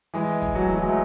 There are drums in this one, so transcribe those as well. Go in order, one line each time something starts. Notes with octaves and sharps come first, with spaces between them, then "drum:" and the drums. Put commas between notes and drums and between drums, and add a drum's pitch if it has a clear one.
E3 G#3, drum: hi-hat
drum: kick, hi-hat
F#3 A3
E3, drum: hi-hat
F#3
G#3
A3